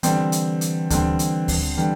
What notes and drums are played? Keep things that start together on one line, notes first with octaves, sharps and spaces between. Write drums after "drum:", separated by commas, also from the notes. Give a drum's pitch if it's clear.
D3 E3 G3 C4, drum: hi-hat
drum: hi-hat
drum: hi-hat
D3 G3 C4, drum: kick D2, hi-hat
drum: hi-hat
drum: kick D2, open hi-hat
D3 E3 G3